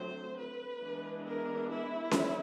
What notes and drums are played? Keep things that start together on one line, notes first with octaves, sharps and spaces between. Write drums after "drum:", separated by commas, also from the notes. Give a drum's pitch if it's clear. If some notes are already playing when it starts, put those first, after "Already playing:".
Already playing: D3 F#3 A3 C4 C5
B4
E3 G#3 B3 D4
A#4
E4
drum: snare C#4